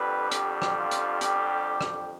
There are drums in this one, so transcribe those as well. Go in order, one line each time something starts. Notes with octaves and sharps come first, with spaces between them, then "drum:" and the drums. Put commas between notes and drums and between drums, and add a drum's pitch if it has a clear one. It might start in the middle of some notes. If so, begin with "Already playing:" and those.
Already playing: F2 D3 G3 B4
G4, drum: hi-hat
drum: rim click
F4
drum: hi-hat
G4, drum: hi-hat
drum: rim click